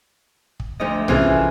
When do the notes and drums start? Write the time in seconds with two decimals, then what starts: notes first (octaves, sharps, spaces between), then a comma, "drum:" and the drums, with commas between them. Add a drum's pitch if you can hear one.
0.60 drum: kick
0.80 D2 F3 D#5
1.08 C3 E3 C#4 F4 G#4 A4, drum: tom A#1